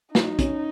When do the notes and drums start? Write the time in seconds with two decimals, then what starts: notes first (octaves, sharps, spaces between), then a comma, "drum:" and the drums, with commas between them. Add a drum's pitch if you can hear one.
0.15 F#3 D#4, drum: snare
0.39 C#4, drum: kick, hi-hat